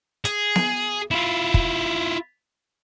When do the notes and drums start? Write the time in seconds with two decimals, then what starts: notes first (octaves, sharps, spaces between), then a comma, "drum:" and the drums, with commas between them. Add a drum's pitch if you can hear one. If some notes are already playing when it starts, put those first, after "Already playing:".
0.25 G#4, drum: hi-hat
0.56 drum: snare B3
1.11 E4 F4
1.54 drum: kick